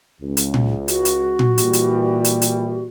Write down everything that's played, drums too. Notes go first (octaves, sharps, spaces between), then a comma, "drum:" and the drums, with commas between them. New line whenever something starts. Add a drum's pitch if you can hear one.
C#2
drum: hi-hat
drum: tom A#2
F#4, drum: hi-hat
drum: hi-hat
drum: tom A#2
A#2 E3 G3, drum: hi-hat
drum: hi-hat
drum: hi-hat
drum: hi-hat